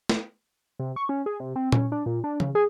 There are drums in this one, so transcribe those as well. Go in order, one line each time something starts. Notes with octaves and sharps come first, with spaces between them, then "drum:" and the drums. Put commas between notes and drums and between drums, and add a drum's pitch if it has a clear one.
drum: snare
C3
C#6
C#4
G#4
C3
C4
C#4, drum: tom A#2
D4
A#2
D4
C#3, drum: tom
G#4